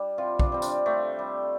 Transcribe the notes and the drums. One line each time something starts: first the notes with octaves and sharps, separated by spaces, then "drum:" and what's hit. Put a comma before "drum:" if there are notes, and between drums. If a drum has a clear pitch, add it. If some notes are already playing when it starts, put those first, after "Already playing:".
Already playing: G3 D4
C3 F4
D4, drum: kick
G3 C4
D4, drum: tambourine
C3 A3
G3